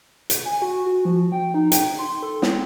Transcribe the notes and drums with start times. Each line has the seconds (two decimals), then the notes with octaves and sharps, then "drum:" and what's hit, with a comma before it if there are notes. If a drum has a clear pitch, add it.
0.30 drum: hi-hat
0.45 G#5
0.62 F#4
0.85 F#4
1.05 F3
1.32 G5
1.54 D#4
1.72 G5, drum: hi-hat
1.99 C6
2.23 A4
2.42 C4, drum: snare